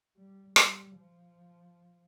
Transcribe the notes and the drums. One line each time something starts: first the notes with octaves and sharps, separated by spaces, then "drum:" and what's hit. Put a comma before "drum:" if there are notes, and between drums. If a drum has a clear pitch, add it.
G3
G3, drum: rim click
F3